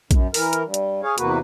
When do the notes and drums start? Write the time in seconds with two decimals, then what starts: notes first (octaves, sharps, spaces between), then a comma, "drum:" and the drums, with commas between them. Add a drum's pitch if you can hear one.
0.11 F#2, drum: kick A#1, hi-hat
0.34 E3 A#4, drum: open hi-hat
0.53 drum: hi-hat
0.64 G2
0.74 drum: hi-hat
1.03 G#4 C#5 F5
1.18 E2 C3 A#3 F#4 B4, drum: hi-hat